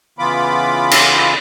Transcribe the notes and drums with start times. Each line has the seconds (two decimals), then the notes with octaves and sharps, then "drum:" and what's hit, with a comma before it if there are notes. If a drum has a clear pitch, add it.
0.19 C#3 E3 B3 F4 B5 D6
0.91 drum: cymbal